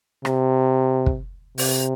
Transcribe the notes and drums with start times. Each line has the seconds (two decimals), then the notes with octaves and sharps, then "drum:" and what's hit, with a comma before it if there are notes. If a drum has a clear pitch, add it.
0.25 C3, drum: rim click
1.06 drum: kick
1.58 C3, drum: open hi-hat